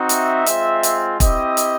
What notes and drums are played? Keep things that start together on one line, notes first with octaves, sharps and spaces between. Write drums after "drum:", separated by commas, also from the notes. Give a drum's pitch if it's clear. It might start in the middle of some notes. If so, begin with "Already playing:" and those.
Already playing: C4 D#4 F#4
E5, drum: hi-hat
G#3 C4 F4, drum: hi-hat
drum: hi-hat
C4 E4 G4 D#5, drum: kick E1, hi-hat
drum: hi-hat